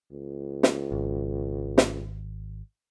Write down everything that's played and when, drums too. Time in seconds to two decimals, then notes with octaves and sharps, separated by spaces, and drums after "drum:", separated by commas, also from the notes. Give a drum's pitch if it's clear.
0.12 C#2
0.63 drum: snare
0.92 G#1
1.78 drum: snare